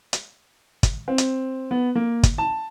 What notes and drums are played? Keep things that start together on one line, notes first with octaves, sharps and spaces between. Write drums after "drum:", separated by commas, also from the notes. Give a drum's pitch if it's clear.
drum: hi-hat
drum: kick, hi-hat
C4
drum: hi-hat
B3
A#3
drum: kick, hi-hat
A5